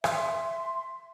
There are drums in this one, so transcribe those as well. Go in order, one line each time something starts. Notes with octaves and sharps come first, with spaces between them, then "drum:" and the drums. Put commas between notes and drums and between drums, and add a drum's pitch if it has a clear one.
E5 C6, drum: rim click